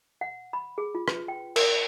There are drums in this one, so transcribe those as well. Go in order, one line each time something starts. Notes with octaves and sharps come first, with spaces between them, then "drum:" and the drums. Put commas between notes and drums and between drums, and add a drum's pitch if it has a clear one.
F#5
B5
G#4
F4
B4, drum: rim click
G5
A#4, drum: cymbal